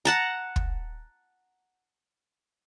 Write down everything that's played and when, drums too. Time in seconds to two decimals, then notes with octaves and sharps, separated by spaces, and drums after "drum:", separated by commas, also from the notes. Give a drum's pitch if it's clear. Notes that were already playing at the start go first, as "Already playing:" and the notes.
0.05 F#5 A5 A#5
0.56 drum: kick